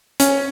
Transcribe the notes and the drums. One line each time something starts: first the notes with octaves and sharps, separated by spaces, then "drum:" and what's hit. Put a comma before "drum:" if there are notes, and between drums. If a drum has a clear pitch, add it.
C#4, drum: hi-hat